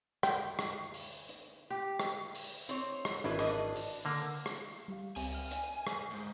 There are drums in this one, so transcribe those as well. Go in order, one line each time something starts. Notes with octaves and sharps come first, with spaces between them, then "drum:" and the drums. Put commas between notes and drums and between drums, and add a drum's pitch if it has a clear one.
G5, drum: rim click
drum: rim click
drum: open hi-hat
drum: hi-hat
G4
drum: rim click
drum: open hi-hat
C4 C#5, drum: hi-hat
drum: rim click
G#1 D4 E4 B4
D4 D#5, drum: rim click
drum: open hi-hat
D3 A#3
drum: rim click
G3 G4 F5
C#2 C4 G4 G#5, drum: open hi-hat
E5 G5 F6
drum: hi-hat
drum: rim click
G#2